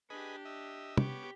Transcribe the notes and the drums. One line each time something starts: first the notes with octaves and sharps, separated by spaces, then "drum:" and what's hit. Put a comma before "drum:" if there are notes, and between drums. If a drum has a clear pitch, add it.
D4 G4 G#4 B4 D#5
D#5 E5
B3 G4 C#5 D6, drum: tom